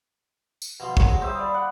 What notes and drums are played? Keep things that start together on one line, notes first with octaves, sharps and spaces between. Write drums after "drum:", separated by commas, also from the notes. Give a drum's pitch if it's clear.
drum: tambourine
B2 F3 C6
D3 D#3 C5 C#5, drum: kick
F#3 G#3
G3 C5 E5 D#6
D5 F5 B5
F#5